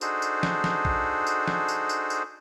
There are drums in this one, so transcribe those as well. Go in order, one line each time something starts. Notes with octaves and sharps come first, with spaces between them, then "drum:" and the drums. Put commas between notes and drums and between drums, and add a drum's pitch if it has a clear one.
D4 D#4 F#4 G#4 A4 C5, drum: tambourine
drum: tambourine
drum: snare
drum: snare
drum: kick
drum: tambourine
drum: snare
drum: tambourine
drum: tambourine
drum: tambourine